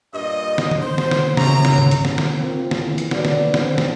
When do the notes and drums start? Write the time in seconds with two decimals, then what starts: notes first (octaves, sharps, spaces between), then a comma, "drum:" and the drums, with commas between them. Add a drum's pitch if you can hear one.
0.14 G2 A#2 D#5
0.58 drum: snare
0.71 drum: tom
0.81 C5
0.98 drum: snare
1.11 drum: snare
1.37 F#2 C#3 A#5, drum: snare
1.65 drum: snare
1.78 drum: tom G2
1.91 drum: hi-hat
2.05 drum: snare
2.18 drum: snare
2.38 A#3 C4 F4
2.71 drum: snare
2.81 E2 E3
2.98 drum: hi-hat
3.11 A#2 D3 D#3 F#4 B4 D5, drum: snare
3.25 drum: snare
3.54 D3 C4, drum: snare
3.78 drum: snare